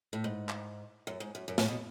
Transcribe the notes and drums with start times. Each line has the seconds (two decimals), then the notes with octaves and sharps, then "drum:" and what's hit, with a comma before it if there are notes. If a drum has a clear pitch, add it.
0.13 A2
0.24 G#2
0.49 drum: clap
1.07 F#2
1.20 G#2
1.35 F#2
1.48 F#2
1.58 A2, drum: snare
1.68 B2